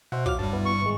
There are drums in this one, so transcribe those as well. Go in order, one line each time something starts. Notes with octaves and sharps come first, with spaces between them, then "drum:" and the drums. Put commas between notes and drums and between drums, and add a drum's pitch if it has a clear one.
B2 C5 E5 F#5
F#3 F4 D6 F6, drum: kick
G2 G3 A5
B3 E4
C#6
G#1 G#3